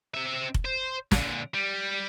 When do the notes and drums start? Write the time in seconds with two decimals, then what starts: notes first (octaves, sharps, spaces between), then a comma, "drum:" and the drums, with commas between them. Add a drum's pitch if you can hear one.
0.14 C4 E5
0.54 drum: kick F1
0.65 C5
1.12 A#2 D3, drum: snare
1.54 G3